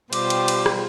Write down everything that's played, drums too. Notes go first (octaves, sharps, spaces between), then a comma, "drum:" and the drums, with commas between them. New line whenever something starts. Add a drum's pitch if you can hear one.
B2 G3 F4 G4 C5 D6, drum: cymbal
drum: cymbal
drum: cymbal
drum: rim click